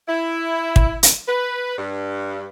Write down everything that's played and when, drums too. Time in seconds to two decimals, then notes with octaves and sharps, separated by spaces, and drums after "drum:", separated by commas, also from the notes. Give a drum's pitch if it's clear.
0.08 E4
0.76 drum: kick
1.03 drum: hi-hat
1.27 B4
1.77 G2